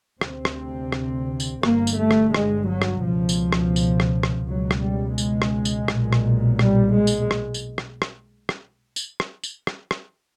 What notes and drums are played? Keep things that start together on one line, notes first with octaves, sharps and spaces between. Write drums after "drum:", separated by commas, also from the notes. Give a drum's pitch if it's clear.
D2 C3 C4, drum: rim click
drum: rim click
drum: rim click
drum: tambourine
G1 G2 A#3, drum: rim click
drum: tambourine
A3
drum: rim click
G#3, drum: rim click
F#3
drum: rim click
C#2 B2 F3
drum: tambourine
drum: rim click
drum: tambourine
drum: rim click
drum: rim click
C#2 B2 F#3
drum: rim click
G3
G#3, drum: tambourine
drum: rim click
drum: tambourine
B1 A#2, drum: rim click
drum: rim click
G3, drum: rim click
G#3
drum: tambourine
drum: rim click
drum: tambourine
drum: rim click
drum: rim click
drum: rim click
drum: tambourine
drum: rim click
drum: tambourine
drum: rim click
drum: rim click